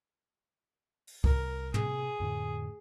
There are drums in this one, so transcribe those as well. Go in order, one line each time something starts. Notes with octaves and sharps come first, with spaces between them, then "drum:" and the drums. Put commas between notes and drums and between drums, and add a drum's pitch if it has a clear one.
drum: open hi-hat
C2 A#4, drum: kick C2
C3 G#4, drum: tom
F2 A2 D3